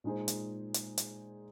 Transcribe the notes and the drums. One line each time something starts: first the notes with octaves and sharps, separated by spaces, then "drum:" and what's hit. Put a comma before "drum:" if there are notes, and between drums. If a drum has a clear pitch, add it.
A#2 G#3 D#4 G#4 C5
drum: hi-hat
drum: hi-hat
drum: hi-hat